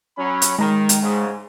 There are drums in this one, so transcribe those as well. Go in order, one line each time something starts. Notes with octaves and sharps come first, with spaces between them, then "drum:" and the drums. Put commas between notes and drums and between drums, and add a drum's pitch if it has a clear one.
F#3 C#4 B5
drum: hi-hat
D#3 G#3 A#5
drum: hi-hat
G#2 C#3